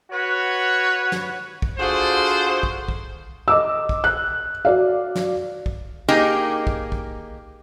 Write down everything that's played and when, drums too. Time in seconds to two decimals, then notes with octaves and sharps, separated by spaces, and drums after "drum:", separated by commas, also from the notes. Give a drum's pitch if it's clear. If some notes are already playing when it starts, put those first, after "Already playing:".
0.11 F#4 B4 C#5
1.12 drum: snare
1.62 drum: kick
1.78 D3 F4 F#4 G#4 C5
2.63 drum: kick
2.88 drum: kick
3.48 D#5 D6 E6
3.89 drum: kick
4.04 F#6
4.65 F#4 D5 F5
5.15 drum: snare
5.66 drum: kick
6.08 A#3 D#4 G4 G#4
6.67 drum: kick
6.92 drum: kick